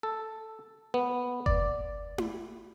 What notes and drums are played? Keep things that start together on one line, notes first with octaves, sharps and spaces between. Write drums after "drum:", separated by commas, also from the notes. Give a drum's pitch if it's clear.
A4
B3
D5, drum: kick F#1
drum: tom E4